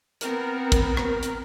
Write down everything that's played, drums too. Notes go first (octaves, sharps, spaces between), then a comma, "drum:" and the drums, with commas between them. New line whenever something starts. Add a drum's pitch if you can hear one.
B3 C4 A#4, drum: hi-hat
drum: kick, hi-hat
drum: rim click
drum: hi-hat